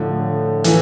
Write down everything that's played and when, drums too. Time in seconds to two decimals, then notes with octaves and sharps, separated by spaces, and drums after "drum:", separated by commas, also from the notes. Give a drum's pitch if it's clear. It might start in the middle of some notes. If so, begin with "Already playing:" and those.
Already playing: A2 D3 F3 A3 D4
0.64 A2 E3 F3 A3 D4, drum: hi-hat